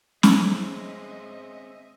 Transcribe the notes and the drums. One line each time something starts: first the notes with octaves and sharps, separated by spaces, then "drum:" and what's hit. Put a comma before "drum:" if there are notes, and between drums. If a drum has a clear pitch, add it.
G#3 C4 C#4 G#4 D#5 E5, drum: snare